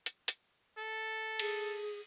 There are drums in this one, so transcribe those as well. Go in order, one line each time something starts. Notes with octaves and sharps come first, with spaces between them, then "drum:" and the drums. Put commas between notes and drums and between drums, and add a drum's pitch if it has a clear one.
drum: hi-hat
drum: hi-hat
A4
G#4, drum: cymbal